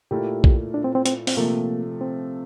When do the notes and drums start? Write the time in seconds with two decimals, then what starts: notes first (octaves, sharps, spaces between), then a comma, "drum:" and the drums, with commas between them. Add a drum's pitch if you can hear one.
0.11 A#2 A3 E4 G4 A#4
0.44 drum: kick A#1
0.74 D4
0.84 C4
0.95 C4
1.06 C4, drum: hi-hat
1.27 C4, drum: open hi-hat
1.37 C3 F3 A3 A#3
2.01 C4